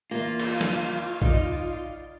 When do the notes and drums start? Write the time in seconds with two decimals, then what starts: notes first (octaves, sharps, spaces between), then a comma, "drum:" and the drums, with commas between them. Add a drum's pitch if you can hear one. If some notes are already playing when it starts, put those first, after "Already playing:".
0.11 E2 A#3 F4
0.39 drum: cymbal
0.61 drum: snare
1.22 D#4 D5, drum: kick A#1